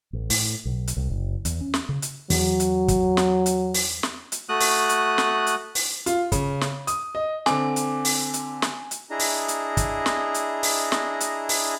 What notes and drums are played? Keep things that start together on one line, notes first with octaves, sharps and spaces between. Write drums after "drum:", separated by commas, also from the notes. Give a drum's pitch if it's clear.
A1
A2, drum: open hi-hat
B1
drum: hi-hat
C2
F#1
E2, drum: hi-hat
C#4
drum: snare
C#3
drum: hi-hat
E2 F#3, drum: open hi-hat
drum: hi-hat
drum: kick, hi-hat
drum: snare
drum: hi-hat
drum: open hi-hat
drum: snare
drum: hi-hat
A3 F#4 D#6 F#6
drum: open hi-hat
drum: hi-hat
drum: snare
drum: hi-hat
drum: open hi-hat
F4, drum: hi-hat
C#3, drum: kick, hi-hat
drum: snare
D#6, drum: hi-hat
D#5
D3 C4 G#5 D6, drum: snare
drum: hi-hat
drum: open hi-hat
drum: hi-hat
drum: snare
drum: hi-hat
D4 E4 G#4 D#5 A#5
drum: open hi-hat
drum: hi-hat
drum: kick, hi-hat
drum: snare
drum: hi-hat
drum: open hi-hat
drum: snare
drum: hi-hat
drum: open hi-hat